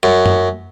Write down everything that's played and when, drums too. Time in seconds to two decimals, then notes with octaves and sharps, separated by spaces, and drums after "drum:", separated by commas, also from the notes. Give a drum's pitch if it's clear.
0.03 F#2
0.26 drum: tom F#2